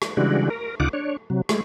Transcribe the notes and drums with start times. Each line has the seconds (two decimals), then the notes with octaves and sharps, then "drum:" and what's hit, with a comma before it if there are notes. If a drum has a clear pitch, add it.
0.02 drum: rim click
0.17 C#3 E3 G3 G#3 D4 F#4
0.50 A#4
0.80 D2 C#3 D#4 F4 F#5 D6
0.93 D4 C#5
1.30 C3 F#3
1.49 G#3 A3, drum: rim click